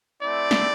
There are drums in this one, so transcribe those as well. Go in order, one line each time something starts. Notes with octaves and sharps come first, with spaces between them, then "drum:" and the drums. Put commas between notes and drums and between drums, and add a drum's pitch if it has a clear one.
A3 C4 E4 D5
drum: snare